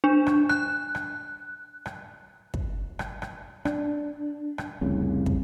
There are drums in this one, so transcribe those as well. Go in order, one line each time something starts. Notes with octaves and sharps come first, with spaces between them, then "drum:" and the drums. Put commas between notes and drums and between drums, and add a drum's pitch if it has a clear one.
D4
drum: rim click
F#6, drum: rim click
drum: rim click
drum: rim click
drum: kick
drum: rim click
drum: rim click
D4, drum: rim click
drum: rim click
F1 C2 C#3
drum: kick